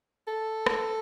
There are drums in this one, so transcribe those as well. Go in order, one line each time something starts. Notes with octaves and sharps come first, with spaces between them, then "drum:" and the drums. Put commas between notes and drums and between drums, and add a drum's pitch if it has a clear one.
A4
drum: rim click